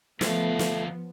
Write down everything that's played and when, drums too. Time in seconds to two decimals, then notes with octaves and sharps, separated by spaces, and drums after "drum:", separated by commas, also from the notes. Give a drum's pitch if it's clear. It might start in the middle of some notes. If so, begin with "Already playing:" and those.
0.21 D2 F3 A3 B3 F4, drum: snare
0.59 drum: snare